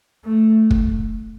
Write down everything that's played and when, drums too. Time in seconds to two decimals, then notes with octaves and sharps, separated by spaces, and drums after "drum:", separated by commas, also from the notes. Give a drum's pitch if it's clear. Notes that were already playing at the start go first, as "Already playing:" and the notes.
0.25 A3
0.71 drum: kick